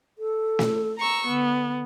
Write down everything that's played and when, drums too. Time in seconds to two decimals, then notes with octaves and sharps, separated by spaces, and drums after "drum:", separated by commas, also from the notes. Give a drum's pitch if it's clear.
0.18 A4
0.59 drum: snare
0.98 A#5 C#6 E6
1.27 D3 B3